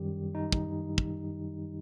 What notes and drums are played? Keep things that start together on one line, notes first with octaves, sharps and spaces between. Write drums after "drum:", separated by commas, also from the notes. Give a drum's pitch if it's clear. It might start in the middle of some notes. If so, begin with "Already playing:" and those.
Already playing: F#2 D#3 G3 G4
D#4
drum: kick
drum: kick